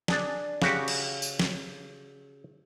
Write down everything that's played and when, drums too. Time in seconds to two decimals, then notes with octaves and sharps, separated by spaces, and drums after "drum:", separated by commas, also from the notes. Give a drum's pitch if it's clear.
0.08 D4 G#4 D5, drum: snare
0.62 C#3 F#4 G4, drum: snare
0.88 drum: cymbal
1.22 drum: tambourine
1.39 drum: snare